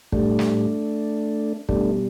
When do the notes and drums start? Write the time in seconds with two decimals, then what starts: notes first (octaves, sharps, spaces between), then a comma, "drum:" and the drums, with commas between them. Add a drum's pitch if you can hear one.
0.12 A2 G3 A3 D4, drum: kick
0.39 drum: snare
1.69 B2 G3 A3 D4, drum: kick